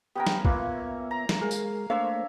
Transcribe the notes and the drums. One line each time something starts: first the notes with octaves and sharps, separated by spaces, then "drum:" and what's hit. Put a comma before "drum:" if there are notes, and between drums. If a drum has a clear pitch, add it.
B3 C#4 G4 A#4 G5
drum: snare
A#3 B3 C#4 F4 B4 C#5 E5, drum: kick
A#5
drum: snare
G#3 G#4 A#4 F5
drum: tambourine
A3 A#3 D4 C5 C#5 E5 F5